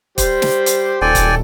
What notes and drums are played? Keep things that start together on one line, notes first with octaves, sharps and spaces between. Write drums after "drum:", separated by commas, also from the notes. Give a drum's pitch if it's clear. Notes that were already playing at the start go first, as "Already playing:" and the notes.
G3 G4 C5, drum: kick, hi-hat
drum: snare
drum: hi-hat
D#1 A4 D5 G5 G#5
drum: kick, hi-hat